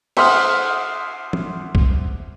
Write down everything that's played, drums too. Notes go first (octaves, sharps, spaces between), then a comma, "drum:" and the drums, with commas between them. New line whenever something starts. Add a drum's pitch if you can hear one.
C5 E5 F#5 C6 D#6 F6, drum: cymbal
drum: tom
drum: kick